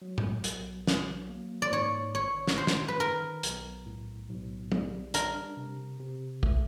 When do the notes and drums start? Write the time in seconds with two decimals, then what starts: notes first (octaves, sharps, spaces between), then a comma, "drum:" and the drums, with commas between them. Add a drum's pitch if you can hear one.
0.02 F#3
0.18 drum: tom A2
0.44 B1, drum: hi-hat
0.87 F#3, drum: snare
1.29 A#3
1.62 D5
1.72 G#2 C#5
2.15 G#1 C#5
2.47 drum: snare
2.57 D#3 C5
2.67 drum: snare
2.88 B4
3.00 D#3 A#4
3.43 B1, drum: hi-hat
3.86 A2
4.28 B1
4.72 G3, drum: tom
5.14 D4 A#4, drum: hi-hat
5.57 C3
6.00 C3
6.43 A3, drum: kick